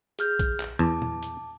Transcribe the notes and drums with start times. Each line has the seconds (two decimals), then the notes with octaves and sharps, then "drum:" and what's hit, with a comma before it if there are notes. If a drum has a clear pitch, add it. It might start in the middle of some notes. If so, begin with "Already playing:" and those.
0.19 G#4 F6 G6, drum: hi-hat
0.39 drum: kick A#1, hi-hat
0.60 drum: clap
0.79 E2 A5 D6
1.02 drum: tom A#2
1.23 drum: hi-hat